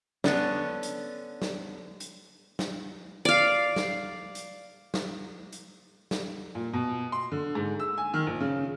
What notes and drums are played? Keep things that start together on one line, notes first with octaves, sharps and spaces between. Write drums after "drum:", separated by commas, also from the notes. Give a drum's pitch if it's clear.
D3 B3 C#4 D4, drum: snare
drum: hi-hat
drum: snare
drum: hi-hat
drum: snare
D5 F5
drum: snare
drum: hi-hat
drum: snare
drum: hi-hat
drum: snare
A#2
B2
C6
D3
G#2
E6
G#5
D#3
A#1
C#3